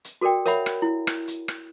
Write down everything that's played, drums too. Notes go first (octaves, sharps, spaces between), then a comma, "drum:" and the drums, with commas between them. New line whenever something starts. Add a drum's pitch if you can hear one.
drum: hi-hat
F#4 A4 A#4 D5 G5
A#4 C#5 E5 F#5 B5, drum: hi-hat
drum: rim click
E4
drum: rim click
drum: hi-hat
drum: rim click